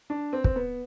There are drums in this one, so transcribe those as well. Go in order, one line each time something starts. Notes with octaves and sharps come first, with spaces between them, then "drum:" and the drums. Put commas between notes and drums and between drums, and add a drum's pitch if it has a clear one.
D4
C4
C4, drum: kick
B3